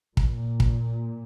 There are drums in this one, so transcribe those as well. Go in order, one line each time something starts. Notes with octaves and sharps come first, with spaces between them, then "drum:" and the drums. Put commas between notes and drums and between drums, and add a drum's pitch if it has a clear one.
A#2, drum: kick
drum: kick